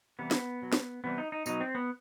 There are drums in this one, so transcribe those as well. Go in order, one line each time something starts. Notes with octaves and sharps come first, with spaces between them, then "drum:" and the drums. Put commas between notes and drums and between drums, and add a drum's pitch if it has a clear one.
C3 E3 G3 B3
drum: snare
B2 F#3
drum: snare
C3 E3 G3 B3
D#4
D#4
B2 F#3 D#4, drum: tambourine
C4
B3